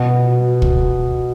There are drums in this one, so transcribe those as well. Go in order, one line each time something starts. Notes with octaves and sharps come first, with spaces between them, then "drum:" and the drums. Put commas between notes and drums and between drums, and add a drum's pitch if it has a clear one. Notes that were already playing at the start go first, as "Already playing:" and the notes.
Already playing: B2
drum: kick